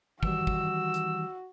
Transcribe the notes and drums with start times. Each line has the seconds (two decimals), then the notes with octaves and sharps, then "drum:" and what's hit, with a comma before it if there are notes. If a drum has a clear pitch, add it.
0.23 D#3 E3 G3 F#4 E6, drum: kick
0.47 drum: kick
0.94 drum: hi-hat